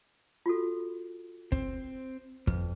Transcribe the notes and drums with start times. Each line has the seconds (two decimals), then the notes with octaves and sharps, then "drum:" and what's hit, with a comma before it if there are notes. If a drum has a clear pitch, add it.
0.46 F4 F#4 A4
1.52 C4, drum: kick
2.47 F2 B4, drum: kick